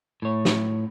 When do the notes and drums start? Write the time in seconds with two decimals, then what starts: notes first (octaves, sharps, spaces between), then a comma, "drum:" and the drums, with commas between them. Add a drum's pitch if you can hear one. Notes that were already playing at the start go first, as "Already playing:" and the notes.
0.22 A2 C#5
0.45 drum: snare